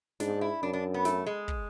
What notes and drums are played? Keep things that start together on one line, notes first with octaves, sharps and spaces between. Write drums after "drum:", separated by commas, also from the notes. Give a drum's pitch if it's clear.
G#2 D4, drum: snare
E4
F#2 D4
D4
B3
A3, drum: snare
G#3
drum: kick